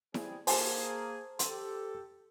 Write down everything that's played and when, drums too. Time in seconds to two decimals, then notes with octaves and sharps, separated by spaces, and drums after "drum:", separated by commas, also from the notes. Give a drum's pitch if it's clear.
0.14 G3 C4 G#4, drum: snare E4
0.47 A#3 G#4 C5 G#5 A5, drum: open hi-hat
1.39 G4 A4 C6, drum: hi-hat